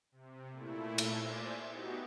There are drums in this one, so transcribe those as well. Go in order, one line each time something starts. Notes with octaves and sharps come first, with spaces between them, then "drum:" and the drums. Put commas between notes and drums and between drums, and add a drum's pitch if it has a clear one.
C3
A#2 A3 E4
drum: cymbal
C5 D5 E5 G#5
B3 D#4 F#4 G4